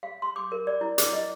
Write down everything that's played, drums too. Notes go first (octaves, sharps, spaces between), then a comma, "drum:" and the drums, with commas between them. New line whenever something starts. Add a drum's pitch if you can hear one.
F5
C6
D6
A#4
D5
E4
D6, drum: hi-hat
D#5